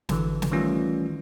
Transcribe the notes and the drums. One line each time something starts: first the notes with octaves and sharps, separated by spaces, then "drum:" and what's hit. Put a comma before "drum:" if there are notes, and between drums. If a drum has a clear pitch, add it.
G#1 D3 E3, drum: snare
drum: snare
D#3 E3 G3 A3 C#4 F4